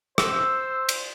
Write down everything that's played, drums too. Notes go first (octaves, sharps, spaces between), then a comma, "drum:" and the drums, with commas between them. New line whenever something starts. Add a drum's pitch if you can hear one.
C5 E6, drum: rim click
drum: cymbal